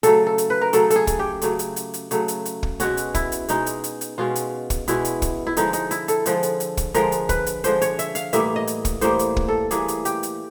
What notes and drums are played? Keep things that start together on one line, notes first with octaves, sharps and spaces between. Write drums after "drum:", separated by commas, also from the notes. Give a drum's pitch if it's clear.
C#3 F#3 A3 A4, drum: hi-hat
A4
drum: hi-hat
B4
A#4
C#3 F#3 A3 A4, drum: hi-hat
A4, drum: hi-hat
G#4
drum: kick, hi-hat
G4
C#3 F#3 A3, drum: hi-hat
drum: hi-hat
drum: hi-hat
drum: hi-hat
C#3 F#3 A3, drum: hi-hat
drum: hi-hat
drum: hi-hat
drum: kick
B2 G#3 C#4 F#4, drum: hi-hat
drum: hi-hat
E4, drum: kick, hi-hat
drum: hi-hat
B2 G#3 C#4 D#4, drum: hi-hat
drum: hi-hat
drum: hi-hat
drum: hi-hat
B2 G#3 C#4 F4
drum: hi-hat
drum: kick, hi-hat
B2 G#3 C#4 E4, drum: hi-hat
drum: hi-hat
drum: kick, hi-hat
E4
D3 F3 G#3 D#4, drum: hi-hat
D#4, drum: hi-hat
E4, drum: hi-hat
A4, drum: hi-hat
D3 F3 G#3, drum: hi-hat
drum: hi-hat
drum: hi-hat
drum: kick, hi-hat
D3 F3 G#3 A#4, drum: hi-hat
drum: hi-hat
B4, drum: kick, hi-hat
drum: hi-hat
D3 F3 G#3 C5, drum: hi-hat
C#5, drum: hi-hat
E5, drum: hi-hat
F5, drum: hi-hat
A2 E3 G3 A#3 E5, drum: hi-hat
D#5
drum: hi-hat
drum: kick, hi-hat
A2 E3 G3 A#3 C5, drum: hi-hat
drum: hi-hat
drum: kick
A4
A2 E3 G3 A#3 G#4, drum: hi-hat
drum: hi-hat
G4, drum: hi-hat
drum: hi-hat